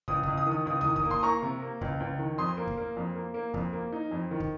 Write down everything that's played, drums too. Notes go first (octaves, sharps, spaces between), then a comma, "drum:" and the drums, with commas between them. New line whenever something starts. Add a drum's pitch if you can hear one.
C#2 D#6, drum: kick
D#6, drum: kick
C#2
D#6
D#3
D#6
C#2 D#6
D#6, drum: tom C#2
D#3
D#6, drum: kick
A#3
C6 D#6, drum: kick
A#3 A#5 C#6
C3
A#3
C#2, drum: kick
C#2
D#3
F2 C6 D#6
A#3
drum: kick
A#3
F2
A#3
A#3
F2, drum: kick
A#3
D#4
F2
D#3
drum: kick